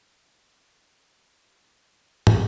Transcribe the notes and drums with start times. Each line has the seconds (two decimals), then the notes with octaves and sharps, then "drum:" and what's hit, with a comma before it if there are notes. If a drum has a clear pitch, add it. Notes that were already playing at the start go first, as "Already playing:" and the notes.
0.05 B2 F3 F#3 C#4 A4 A#6
2.27 drum: tom